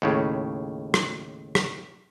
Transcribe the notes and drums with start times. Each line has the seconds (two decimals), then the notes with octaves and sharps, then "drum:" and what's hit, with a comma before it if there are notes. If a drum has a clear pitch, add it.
0.02 D#2 A2 C#3
0.94 drum: rim click
1.55 drum: rim click